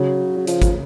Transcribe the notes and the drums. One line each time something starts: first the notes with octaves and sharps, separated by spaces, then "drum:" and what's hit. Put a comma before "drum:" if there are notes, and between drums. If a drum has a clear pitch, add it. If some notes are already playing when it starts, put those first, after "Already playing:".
Already playing: C#3 F#3
F#3
F3, drum: hi-hat
drum: kick, hi-hat